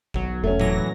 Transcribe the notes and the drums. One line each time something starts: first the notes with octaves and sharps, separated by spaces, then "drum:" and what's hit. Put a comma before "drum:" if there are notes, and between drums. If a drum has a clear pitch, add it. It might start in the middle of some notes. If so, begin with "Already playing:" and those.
B1 F#3, drum: kick G1
E1 A3 C#4
E3 F#3 A#6, drum: tom A2